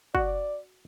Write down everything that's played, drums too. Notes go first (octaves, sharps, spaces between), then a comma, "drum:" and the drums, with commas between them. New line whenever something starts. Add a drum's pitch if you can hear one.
F#4 D5, drum: kick